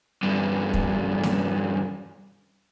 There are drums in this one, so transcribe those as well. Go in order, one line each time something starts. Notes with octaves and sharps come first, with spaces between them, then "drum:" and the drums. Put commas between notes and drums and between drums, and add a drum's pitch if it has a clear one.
E2 G2
drum: kick
drum: snare